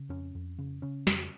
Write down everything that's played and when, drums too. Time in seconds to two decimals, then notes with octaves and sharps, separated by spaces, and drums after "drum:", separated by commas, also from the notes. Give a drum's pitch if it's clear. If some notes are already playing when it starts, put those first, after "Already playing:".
Already playing: C#3
0.09 F2 C#4
0.35 F2
0.59 C#3
0.82 C#3 C#4
1.07 F2, drum: snare